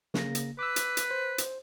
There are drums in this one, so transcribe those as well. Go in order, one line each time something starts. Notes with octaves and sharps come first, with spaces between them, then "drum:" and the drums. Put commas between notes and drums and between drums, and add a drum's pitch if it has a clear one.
C#3 A#3 A#6, drum: snare
drum: hi-hat
B4 D6 E6
drum: hi-hat
drum: hi-hat
C5
drum: hi-hat